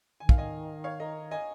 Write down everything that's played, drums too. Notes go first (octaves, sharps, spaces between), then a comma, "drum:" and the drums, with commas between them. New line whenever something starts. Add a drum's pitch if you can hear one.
D#3 G#5
F5, drum: kick
D#5 G#5
C#5 F5
A#4 D#5
D#5 G#5